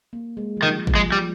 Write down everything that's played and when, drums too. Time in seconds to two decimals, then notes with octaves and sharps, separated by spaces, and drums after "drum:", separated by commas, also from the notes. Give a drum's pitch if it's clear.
0.13 A#3
0.37 G#3
0.57 F3
0.63 D#3 G3
0.79 G3
0.87 F3, drum: kick
0.95 G#3
1.12 F3 G3